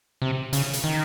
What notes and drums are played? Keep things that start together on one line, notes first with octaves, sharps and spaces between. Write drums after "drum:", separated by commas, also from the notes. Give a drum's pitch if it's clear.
C3
C#3, drum: hi-hat
drum: hi-hat
D#3